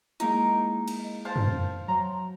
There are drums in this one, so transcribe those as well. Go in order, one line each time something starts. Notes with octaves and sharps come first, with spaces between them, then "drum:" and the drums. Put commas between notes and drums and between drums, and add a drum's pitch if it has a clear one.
G#3 A#3 D#4 E4 A#4, drum: hi-hat
drum: cymbal
C5 F5 A5
drum: tom
F#3 A#5 C6